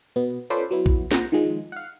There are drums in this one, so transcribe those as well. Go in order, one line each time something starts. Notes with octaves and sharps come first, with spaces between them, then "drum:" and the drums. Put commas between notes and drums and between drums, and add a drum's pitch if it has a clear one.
B2 B3
C#4 F4 A4 B4 C5 D5
F#3 B3 E4
drum: kick A#1
A#2 C5 F#5 A#5, drum: snare
D#3 F3 G#3
F5 F#5